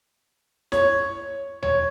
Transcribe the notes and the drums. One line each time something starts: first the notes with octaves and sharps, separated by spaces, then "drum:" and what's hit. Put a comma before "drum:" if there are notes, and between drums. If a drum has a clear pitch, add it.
C#5, drum: snare
C#5, drum: tom D#2